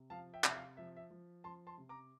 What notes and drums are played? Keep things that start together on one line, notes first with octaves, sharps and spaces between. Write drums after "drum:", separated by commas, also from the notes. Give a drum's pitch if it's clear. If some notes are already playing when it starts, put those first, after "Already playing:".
Already playing: C3
F3 F5 A5
E5 G5
C3, drum: clap
E5
F5
F3 E5
E5
F3
F3 A5 C6
A5 C6
C3
A#5 D6